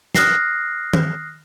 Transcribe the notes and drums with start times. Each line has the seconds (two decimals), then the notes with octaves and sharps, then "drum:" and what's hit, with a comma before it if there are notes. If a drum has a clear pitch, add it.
0.15 D#6 F6 F#6 A#6 C7, drum: snare
0.93 drum: tom D#3